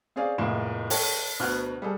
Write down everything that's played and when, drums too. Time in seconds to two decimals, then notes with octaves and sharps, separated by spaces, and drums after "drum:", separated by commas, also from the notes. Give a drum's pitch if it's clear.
0.16 C4 C#4 G#4 D5 F5
0.38 F1 A2 G#3 A#3 E7
0.90 A4 C#5 G5 A5, drum: open hi-hat
1.40 D2 B2 B3 F6 F#6
1.82 G3 G#4 A4